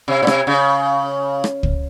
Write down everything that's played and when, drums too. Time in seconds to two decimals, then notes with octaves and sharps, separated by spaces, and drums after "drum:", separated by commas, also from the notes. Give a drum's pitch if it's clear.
0.08 C3
0.22 A#2
0.27 C3, drum: rim click
0.47 C#3
1.44 drum: rim click
1.63 drum: kick